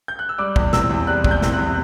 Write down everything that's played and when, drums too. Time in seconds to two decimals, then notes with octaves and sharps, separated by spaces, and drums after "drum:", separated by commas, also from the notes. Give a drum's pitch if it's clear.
0.08 G6
0.19 F#6
0.29 E6
0.38 G3 D6
0.56 E2, drum: kick
0.73 C3 E6, drum: snare
0.90 E2
1.07 G3 F#6
1.24 E2, drum: kick
1.31 G6
1.42 C3, drum: snare
1.53 F#6
1.58 E2